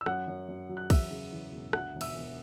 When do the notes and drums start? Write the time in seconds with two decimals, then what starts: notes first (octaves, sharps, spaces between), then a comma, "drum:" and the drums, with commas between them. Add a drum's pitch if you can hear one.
0.01 E6
0.06 F#2 F#5 F#6, drum: rim click
0.28 F#2
0.48 F#2
0.69 F#3
0.77 F#6
0.90 E2 E5 E6, drum: kick, cymbal
1.10 C#3
1.33 E3
1.52 E1
1.73 D2 F#5 F#6, drum: rim click
1.95 E1
2.01 E5 E6, drum: cymbal
2.15 E1